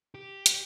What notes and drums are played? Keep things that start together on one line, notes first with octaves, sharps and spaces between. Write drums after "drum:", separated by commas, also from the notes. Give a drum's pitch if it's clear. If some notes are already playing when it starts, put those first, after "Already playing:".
G4
drum: hi-hat